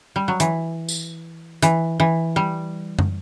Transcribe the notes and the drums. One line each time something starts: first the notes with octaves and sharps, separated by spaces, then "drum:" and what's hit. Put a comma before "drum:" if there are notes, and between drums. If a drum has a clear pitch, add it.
G3
F#3
E3, drum: hi-hat
drum: tambourine
E3, drum: hi-hat
E3
G3
drum: tom F#2